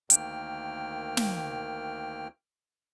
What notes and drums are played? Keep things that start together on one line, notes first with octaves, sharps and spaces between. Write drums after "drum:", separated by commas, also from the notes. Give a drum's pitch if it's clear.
D2 D#3 A#3 G5 F6, drum: hi-hat
drum: snare